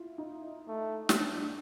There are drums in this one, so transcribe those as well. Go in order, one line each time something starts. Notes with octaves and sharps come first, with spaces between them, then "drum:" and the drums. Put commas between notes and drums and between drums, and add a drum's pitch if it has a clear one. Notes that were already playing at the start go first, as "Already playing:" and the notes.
Already playing: E4 F4
D#4
A3
drum: snare
D4
D4